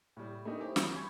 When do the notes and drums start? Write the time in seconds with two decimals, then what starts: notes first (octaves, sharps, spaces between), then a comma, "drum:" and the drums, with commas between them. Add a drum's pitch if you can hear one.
0.17 A2 G3
0.45 A3 D4 D#4 G4 A#4
0.60 E4 G4 C5 C#5
0.76 E3 F#3 F#4 G4 G6, drum: snare
0.96 B5 C#6 G#6